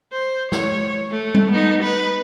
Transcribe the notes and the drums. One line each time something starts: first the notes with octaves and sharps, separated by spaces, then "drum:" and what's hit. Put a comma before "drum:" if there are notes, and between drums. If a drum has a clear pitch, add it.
C5
C#5, drum: snare
A3
drum: tom G3
B3 D#4
B4